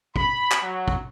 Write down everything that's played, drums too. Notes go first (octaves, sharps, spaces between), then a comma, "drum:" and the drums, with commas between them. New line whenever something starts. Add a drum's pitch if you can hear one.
B5, drum: kick
drum: clap
F#3
drum: kick